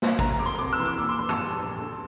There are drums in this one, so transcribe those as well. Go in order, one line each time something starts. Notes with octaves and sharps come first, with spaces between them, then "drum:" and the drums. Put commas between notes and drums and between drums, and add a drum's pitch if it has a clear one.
drum: snare
D2 A#5, drum: kick
A#5
E1 D6
C6
C3 D6
E6
E3 C6
D6
A#2 D6
C6
A#1 C6
A5, drum: tom
G3
A#1
D2